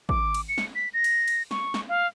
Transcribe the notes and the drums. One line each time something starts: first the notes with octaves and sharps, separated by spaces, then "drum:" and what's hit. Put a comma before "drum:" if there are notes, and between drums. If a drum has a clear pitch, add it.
D6, drum: kick A1
drum: cymbal
C#7
drum: snare
B6
A#6
drum: cymbal
drum: cymbal
C#6, drum: snare
drum: snare
F5